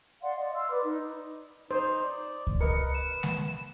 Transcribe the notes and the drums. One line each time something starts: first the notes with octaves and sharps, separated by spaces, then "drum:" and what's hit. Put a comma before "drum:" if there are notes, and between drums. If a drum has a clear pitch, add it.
D5 F5 F#5 C6
D5 D#5
C6 E6 F6
B4 D5 D6
D#4
D#4 C5
D5
drum: kick C#2
A#4 B4 D#5 C#7
E7
drum: snare G#3